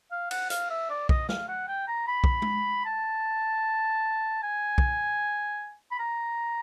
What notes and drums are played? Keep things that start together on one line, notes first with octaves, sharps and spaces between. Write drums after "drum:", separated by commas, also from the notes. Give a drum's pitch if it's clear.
F5
F#5, drum: cymbal
F5, drum: hi-hat
E5
D5
D#5, drum: kick
F5, drum: snare
F#5
G5
A#5
B5
drum: kick
drum: tom G#3
A5
G#5
drum: kick
B5
A#5